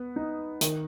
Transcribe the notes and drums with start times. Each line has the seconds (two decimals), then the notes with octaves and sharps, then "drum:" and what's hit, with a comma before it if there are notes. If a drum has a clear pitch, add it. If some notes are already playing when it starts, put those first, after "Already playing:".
Already playing: B3
0.16 D#4
0.61 D#3, drum: hi-hat